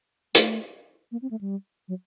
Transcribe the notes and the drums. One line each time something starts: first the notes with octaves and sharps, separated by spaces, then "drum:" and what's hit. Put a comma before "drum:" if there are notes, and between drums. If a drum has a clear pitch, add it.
A3, drum: hi-hat
A#3
C4
A3
G3
F#3